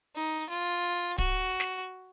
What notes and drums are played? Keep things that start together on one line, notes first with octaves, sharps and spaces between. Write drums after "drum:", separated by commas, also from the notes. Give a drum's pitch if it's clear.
D#4
F4
F#4, drum: kick D1
drum: snare